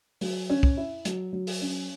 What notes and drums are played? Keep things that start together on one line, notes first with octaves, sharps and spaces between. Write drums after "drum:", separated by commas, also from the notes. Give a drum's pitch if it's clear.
F#3, drum: open hi-hat
C#4
drum: kick
E4
F#3, drum: hi-hat
F#3
drum: open hi-hat
C#4